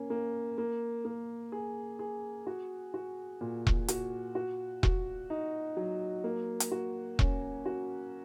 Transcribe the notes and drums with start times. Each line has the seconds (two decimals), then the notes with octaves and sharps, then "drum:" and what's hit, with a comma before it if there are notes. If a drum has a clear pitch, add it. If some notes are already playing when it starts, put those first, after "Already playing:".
Already playing: A#3 C#4
0.10 A#3
0.58 A#3
1.05 A#3
1.52 G#4
1.99 G#4
2.47 F#4
2.94 F#4
3.41 A#2
3.67 drum: kick E1
3.88 F#4, drum: hi-hat
4.35 F#4
4.83 F#4, drum: kick E1
5.30 D#4
5.77 F#3
6.24 A#3
6.60 drum: hi-hat
6.72 F#4
7.19 C#4, drum: kick E1
7.66 F#4